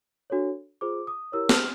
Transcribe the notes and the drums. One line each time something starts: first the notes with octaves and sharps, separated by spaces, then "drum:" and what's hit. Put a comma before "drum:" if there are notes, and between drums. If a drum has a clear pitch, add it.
D4 F#4 A4 C#5
F4 G#4 C5 D6
D#6
E4 G4 A#4 C#5 E6
F6, drum: snare